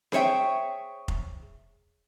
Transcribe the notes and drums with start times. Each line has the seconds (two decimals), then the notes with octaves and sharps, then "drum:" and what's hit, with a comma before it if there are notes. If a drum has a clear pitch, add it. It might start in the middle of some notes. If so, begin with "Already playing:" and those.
0.12 G#4 C5 C#5 E5 G5, drum: snare C4
1.08 drum: kick F1